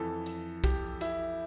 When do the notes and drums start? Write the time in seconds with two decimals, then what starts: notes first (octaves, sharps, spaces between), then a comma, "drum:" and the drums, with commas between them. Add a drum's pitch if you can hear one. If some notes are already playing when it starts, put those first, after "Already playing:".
Already playing: F2 E3 A4
0.26 drum: hi-hat
0.64 G4, drum: kick B1, hi-hat
1.01 E4, drum: hi-hat